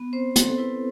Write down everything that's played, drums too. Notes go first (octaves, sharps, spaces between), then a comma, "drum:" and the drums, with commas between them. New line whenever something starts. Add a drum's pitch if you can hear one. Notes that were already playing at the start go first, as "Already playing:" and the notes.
Already playing: B3
C4 C5
C4, drum: hi-hat
A4
E4 B4